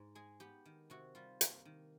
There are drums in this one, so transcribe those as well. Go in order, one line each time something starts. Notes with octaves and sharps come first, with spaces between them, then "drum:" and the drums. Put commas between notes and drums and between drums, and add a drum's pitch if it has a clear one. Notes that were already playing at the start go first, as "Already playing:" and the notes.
Already playing: G#2
G#3 G#4
B3 G4
D#3
C3 F#4
G3 F4
A#3, drum: hi-hat
D#3